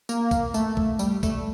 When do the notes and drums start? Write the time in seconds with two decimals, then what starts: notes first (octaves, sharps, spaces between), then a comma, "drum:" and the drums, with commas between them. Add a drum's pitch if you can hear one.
0.09 A#3, drum: tambourine
0.31 drum: kick, tambourine
0.54 A3, drum: tambourine
0.77 drum: kick
0.99 G3, drum: tambourine
1.23 A3, drum: kick, tambourine